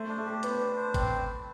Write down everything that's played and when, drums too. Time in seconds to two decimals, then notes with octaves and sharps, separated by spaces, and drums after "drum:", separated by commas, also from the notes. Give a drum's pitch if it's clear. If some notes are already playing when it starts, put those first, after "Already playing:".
Already playing: A3 C5
0.09 D4
0.18 A3
0.26 G4
0.43 B3 C5, drum: hi-hat
0.60 D4
0.77 C5
0.94 C4, drum: kick, hi-hat